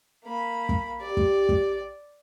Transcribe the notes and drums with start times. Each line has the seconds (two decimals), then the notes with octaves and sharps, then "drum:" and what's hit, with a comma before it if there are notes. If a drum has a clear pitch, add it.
0.24 A#3 B5
0.69 drum: kick
1.01 G4 D5
1.17 drum: kick
1.49 drum: kick